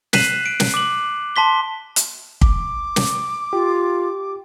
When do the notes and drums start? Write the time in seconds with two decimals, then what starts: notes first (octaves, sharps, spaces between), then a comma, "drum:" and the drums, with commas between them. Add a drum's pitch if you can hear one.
0.13 F#6 B6 C7 D#7 E7 F#7, drum: snare
0.46 D7
0.60 drum: snare
0.74 D6 F#7
1.36 A5 C6 B6 G7
1.96 drum: hi-hat
2.41 D6, drum: kick
2.96 drum: snare
3.53 F4 G4